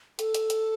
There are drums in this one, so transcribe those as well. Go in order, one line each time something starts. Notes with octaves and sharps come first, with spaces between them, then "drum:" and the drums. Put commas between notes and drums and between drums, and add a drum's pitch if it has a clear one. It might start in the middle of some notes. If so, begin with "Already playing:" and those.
A4, drum: hi-hat
drum: hi-hat
drum: hi-hat